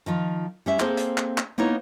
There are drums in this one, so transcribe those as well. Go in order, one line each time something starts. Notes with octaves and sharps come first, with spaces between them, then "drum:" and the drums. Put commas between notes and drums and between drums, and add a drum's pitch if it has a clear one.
D#3 F3 F4
G3 C#4 E5
A#3 C4 G#4 A4 C5, drum: clap
drum: hi-hat
drum: clap
drum: clap
A#3 B3 D#4 E4 C#5